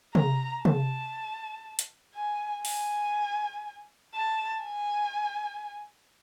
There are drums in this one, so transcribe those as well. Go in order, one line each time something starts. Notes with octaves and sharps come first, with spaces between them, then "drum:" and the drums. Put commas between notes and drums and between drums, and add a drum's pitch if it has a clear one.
A#5, drum: tom
A5, drum: tom
drum: hi-hat
G#5
G#5, drum: open hi-hat
A5
G#5